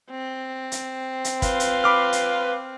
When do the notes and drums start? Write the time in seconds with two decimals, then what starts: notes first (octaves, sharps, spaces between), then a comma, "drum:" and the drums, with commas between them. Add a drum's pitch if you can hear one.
0.10 C4
0.72 drum: hi-hat
1.24 drum: hi-hat
1.42 B4 F5 C6, drum: kick, hi-hat
1.60 drum: hi-hat
1.84 B5 D6 F6
2.13 drum: hi-hat